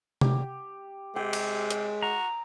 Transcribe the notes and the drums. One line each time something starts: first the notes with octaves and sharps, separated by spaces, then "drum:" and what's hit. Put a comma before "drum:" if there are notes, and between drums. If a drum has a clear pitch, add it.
G4, drum: tom C3
C3 G#3 G5
drum: cymbal
drum: hi-hat
F#4 A#5